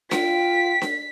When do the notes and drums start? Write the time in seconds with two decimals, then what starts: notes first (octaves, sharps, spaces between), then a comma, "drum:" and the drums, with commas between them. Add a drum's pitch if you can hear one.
0.11 F4 G5 B6, drum: snare D4
0.82 drum: snare D4